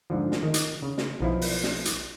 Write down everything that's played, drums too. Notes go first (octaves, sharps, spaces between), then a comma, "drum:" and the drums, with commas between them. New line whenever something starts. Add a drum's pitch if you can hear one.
G#2 D3 F3
drum: snare
D#3
drum: hi-hat
C#3
drum: snare
B1 F3 E4
drum: open hi-hat
drum: snare
drum: hi-hat